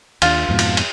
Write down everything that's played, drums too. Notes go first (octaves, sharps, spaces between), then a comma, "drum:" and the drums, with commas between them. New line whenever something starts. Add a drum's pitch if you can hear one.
D#2 D4 F4, drum: cymbal
F2 G#2 B2
drum: cymbal
drum: cymbal